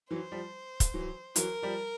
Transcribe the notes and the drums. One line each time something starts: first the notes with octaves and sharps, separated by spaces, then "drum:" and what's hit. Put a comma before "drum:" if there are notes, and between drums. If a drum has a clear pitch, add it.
E3 F#3 C5
F3 G3
drum: kick, hi-hat
E3 F#3
E3 F#3 A#4, drum: hi-hat
F3 G3